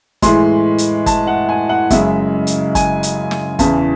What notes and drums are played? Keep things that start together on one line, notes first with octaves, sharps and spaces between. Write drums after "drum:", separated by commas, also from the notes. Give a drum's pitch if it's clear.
A2 E3 G#3 C6, drum: kick, hi-hat
drum: hi-hat
A5, drum: kick, hi-hat
F#5
G#5
F#5
F#2 C#3 G#3 E5, drum: kick, hi-hat
drum: hi-hat
G#5, drum: kick, hi-hat
drum: hi-hat
drum: snare
E2 C#3 E3 A5, drum: kick, hi-hat